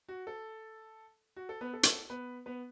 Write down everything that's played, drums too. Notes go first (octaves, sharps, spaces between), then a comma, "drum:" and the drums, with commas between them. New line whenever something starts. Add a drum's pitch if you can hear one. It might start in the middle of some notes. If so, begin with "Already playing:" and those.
F#4
A4
F#4
A4
B3 B4
A4
drum: hi-hat
B3 B4
B3 B4